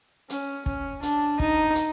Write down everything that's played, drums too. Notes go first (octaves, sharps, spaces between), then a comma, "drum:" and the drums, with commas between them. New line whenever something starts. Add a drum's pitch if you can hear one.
C#4, drum: hi-hat
C#4, drum: kick
D4, drum: hi-hat
D#4, drum: kick
drum: hi-hat